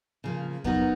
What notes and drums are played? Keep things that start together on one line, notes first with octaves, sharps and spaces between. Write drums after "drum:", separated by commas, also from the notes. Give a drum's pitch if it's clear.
C#3 F3 A#3
F#3 B3 D#4 F#4 A#4, drum: kick E2